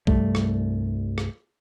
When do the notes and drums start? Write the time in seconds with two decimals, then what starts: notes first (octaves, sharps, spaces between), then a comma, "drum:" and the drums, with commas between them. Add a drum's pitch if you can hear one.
0.07 C2 G2 G3 A3, drum: kick B1
0.35 drum: rim click
1.18 drum: rim click